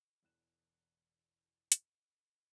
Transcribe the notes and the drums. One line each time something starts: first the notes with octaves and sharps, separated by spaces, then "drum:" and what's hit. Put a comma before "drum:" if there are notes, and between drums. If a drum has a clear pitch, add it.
E1 E2 F#6 E7
drum: hi-hat